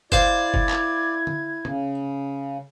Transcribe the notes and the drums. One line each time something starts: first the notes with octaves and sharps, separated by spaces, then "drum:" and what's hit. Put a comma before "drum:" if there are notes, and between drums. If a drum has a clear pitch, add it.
E4 C5 D5 F5 G#6, drum: kick F#1
drum: kick F#1
drum: clap
drum: tom D3
C#3, drum: tom